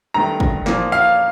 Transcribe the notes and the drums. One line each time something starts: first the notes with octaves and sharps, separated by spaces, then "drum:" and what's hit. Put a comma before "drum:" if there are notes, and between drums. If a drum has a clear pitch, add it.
G2 D#3 A3 A#5
drum: kick
A#2 F3 A#3, drum: snare
F5